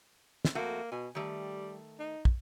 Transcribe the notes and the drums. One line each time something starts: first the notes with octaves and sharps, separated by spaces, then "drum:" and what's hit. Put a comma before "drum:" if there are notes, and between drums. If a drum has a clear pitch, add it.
drum: snare
F2 A3 A#3 F#4
B2 G#5
D#3 G3 A3
D#4
drum: kick